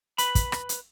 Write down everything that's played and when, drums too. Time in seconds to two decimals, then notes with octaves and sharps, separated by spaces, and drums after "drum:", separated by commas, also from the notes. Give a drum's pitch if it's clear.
0.18 B4 B5, drum: hi-hat
0.35 drum: kick, hi-hat
0.52 drum: rim click
0.69 drum: hi-hat